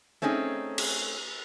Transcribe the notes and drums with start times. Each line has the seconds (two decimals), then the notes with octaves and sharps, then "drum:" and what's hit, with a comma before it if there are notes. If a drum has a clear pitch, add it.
0.22 A3 C4 C#4 D#4 G#4
0.78 drum: cymbal